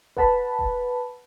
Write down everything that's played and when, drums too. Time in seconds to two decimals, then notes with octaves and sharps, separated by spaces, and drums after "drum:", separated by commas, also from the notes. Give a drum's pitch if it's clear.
0.17 B4 F#5 A5 B5, drum: kick E1
0.59 drum: kick E1